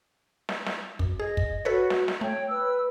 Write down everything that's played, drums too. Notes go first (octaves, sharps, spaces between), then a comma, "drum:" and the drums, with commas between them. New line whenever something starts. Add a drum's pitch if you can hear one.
drum: snare
drum: snare
F#2, drum: kick
G#4 D#5
drum: kick
F#4 A4 B4 C#5
drum: snare
drum: snare
A3 C#5 G5
B4 E6